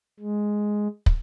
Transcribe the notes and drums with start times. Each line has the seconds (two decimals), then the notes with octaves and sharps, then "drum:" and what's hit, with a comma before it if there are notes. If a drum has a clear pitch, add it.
0.20 G#3
1.06 drum: kick